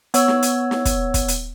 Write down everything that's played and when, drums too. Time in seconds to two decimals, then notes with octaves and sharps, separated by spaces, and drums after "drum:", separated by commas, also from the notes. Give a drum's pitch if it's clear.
0.14 B3 C#5 E6, drum: hi-hat
0.28 drum: snare
0.42 drum: hi-hat
0.71 drum: snare
0.85 drum: kick, hi-hat
1.14 drum: kick, hi-hat
1.28 drum: hi-hat